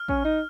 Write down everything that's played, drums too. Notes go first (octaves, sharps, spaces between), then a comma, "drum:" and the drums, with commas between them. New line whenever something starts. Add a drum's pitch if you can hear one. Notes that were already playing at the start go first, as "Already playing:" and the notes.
Already playing: F6
C#4, drum: kick A1
D#4